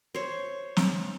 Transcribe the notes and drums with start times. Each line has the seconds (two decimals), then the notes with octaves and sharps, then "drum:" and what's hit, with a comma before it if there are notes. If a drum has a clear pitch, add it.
0.15 C5 C#5
0.77 drum: snare